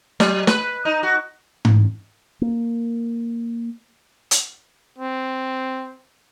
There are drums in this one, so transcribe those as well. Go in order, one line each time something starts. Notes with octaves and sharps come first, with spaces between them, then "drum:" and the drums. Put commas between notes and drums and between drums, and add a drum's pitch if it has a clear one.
F#3, drum: snare
B4, drum: snare
D#4
F#4
drum: tom G#2
A#3
drum: hi-hat
C4